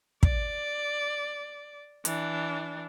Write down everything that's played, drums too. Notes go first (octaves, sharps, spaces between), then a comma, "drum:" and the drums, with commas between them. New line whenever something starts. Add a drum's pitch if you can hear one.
D5, drum: kick
E3 D4, drum: hi-hat